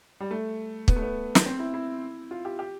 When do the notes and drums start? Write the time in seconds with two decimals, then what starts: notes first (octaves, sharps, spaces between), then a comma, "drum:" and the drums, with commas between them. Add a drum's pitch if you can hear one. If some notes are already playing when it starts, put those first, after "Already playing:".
0.20 G3
0.31 A3
0.88 B3, drum: kick
0.96 A3
1.02 B3
1.35 drum: snare
1.46 C4
1.59 E4
1.74 E4
2.31 F4
2.45 G4
2.59 G4